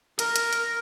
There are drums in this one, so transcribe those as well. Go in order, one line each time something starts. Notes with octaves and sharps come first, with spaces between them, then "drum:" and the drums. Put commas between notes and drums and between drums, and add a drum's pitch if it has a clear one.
A#4, drum: hi-hat
drum: hi-hat
drum: hi-hat